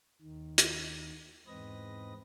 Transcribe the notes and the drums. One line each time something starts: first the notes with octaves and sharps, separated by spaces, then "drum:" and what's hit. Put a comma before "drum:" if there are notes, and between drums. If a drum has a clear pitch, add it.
D#2 D#3
drum: hi-hat
E2 G#2 C4 B4 D#5 A#6